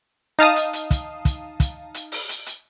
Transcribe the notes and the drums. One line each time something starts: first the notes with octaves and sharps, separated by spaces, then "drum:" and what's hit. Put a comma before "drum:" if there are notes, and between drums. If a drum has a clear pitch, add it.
D#4 F5 A5 D#6
drum: hi-hat
drum: hi-hat
drum: kick, hi-hat
drum: kick, hi-hat
drum: kick, hi-hat
drum: hi-hat
drum: open hi-hat
drum: hi-hat
drum: hi-hat